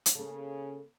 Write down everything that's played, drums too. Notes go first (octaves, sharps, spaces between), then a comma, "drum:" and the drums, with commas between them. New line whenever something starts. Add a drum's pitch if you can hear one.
drum: hi-hat
C#3 A#3 A4